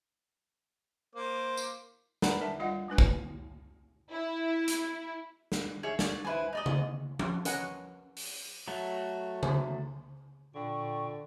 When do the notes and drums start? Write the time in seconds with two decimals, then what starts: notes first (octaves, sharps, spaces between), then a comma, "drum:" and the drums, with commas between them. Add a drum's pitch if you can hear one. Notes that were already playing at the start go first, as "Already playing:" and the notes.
1.15 A#3 C5 D6
1.57 drum: tambourine
2.22 B4 D5 F#5 G#5 A#5 B5, drum: snare
2.41 A#4 E5 A5
2.60 G3 F4 D#5 F5 F#5
2.88 G#3 D4 B4 G#5
2.98 drum: kick
4.11 E4
4.68 drum: hi-hat
5.52 drum: snare
5.83 G#4 C#5 E5
5.99 C#5 D5, drum: snare
6.24 E4 B4 C5 G#5
6.53 D#4 D5 D#5
6.66 drum: tom C#3
7.19 drum: tom F3
7.45 C#4 A#4 B4 D#5 F#5 G#5, drum: hi-hat
8.16 drum: open hi-hat
8.68 F#3 A3
9.43 drum: tom C#3
10.55 A#2 D3 G5 C#6